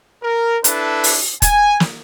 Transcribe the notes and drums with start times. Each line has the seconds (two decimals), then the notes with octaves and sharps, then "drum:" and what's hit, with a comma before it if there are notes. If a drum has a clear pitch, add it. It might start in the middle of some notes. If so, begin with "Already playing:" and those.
0.23 A#4
0.64 D4 E4 A4 B4, drum: hi-hat
1.04 drum: open hi-hat
1.42 G#5, drum: kick, hi-hat
1.80 drum: snare